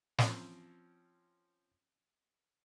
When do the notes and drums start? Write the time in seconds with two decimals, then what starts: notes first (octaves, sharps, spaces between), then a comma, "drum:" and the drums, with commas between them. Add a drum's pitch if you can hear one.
0.18 F3 C4 C#4, drum: snare